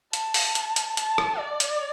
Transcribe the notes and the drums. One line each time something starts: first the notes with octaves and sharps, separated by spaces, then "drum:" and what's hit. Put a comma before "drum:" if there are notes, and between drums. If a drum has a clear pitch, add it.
A5, drum: hi-hat
drum: open hi-hat
drum: hi-hat
drum: hi-hat
A5, drum: hi-hat
drum: rim click
D5
drum: hi-hat